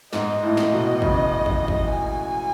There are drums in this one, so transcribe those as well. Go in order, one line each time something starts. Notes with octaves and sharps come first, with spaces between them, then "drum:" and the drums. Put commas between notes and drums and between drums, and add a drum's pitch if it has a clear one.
G#2 D#5, drum: snare
A2
drum: snare
B2
C#3, drum: kick
drum: kick
drum: kick
G#5